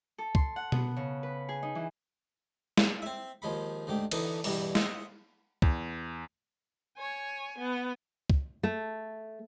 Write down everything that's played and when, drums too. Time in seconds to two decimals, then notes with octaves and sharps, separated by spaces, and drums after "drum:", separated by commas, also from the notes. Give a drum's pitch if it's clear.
0.18 A4
0.35 C6, drum: kick
0.56 F#5
0.72 B3, drum: tom B2
0.96 C#3
1.23 B4
1.49 G#4
1.62 D#4
1.75 E3
2.78 drum: snare
3.02 C4 E5
3.42 D#2 F3 G#3 B5
3.87 D2 G#2 G4
4.11 D3 E3 B3 D4 D#4, drum: cymbal
4.44 E2 G2 B2 E3 G3, drum: open hi-hat
4.75 C5 D#5 E5 F#5, drum: snare
5.62 E2, drum: kick
6.97 C#5 G#5
7.58 B3
8.30 drum: kick
8.63 A3